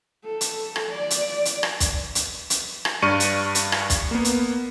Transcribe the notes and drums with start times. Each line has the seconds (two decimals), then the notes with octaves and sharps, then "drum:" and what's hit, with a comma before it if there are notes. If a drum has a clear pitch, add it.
0.24 A4
0.41 drum: hi-hat
0.76 drum: rim click
0.89 D5
1.10 drum: hi-hat
1.45 drum: hi-hat
1.63 drum: rim click
1.80 drum: kick, hi-hat
2.15 drum: hi-hat
2.50 drum: hi-hat
2.85 drum: rim click
3.02 G2 D5 C#6 F6 C#7 D#7
3.20 drum: hi-hat
3.55 drum: hi-hat
3.72 drum: rim click
3.90 drum: kick, hi-hat
4.11 A#3 B3
4.25 drum: hi-hat